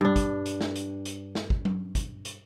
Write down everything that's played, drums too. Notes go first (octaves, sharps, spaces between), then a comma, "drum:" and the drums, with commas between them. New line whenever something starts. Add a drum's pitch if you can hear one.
G2 D4
drum: kick, hi-hat
drum: hi-hat
drum: snare
drum: hi-hat
drum: hi-hat
drum: snare
drum: kick
drum: tom F#3
drum: kick, hi-hat
drum: hi-hat